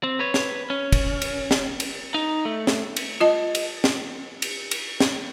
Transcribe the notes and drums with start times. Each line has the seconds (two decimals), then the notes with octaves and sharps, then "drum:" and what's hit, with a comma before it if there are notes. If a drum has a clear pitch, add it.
0.03 C4
0.20 B4 C#5
0.34 drum: snare
0.70 C#4
0.92 drum: kick, cymbal
1.22 drum: cymbal
1.51 drum: snare
1.80 drum: cymbal
2.14 D#4
2.45 A3
2.67 drum: snare
2.96 drum: cymbal
3.21 F4 D#5 A5
3.55 drum: cymbal
3.84 drum: snare
4.42 drum: cymbal
4.71 drum: cymbal
5.00 drum: snare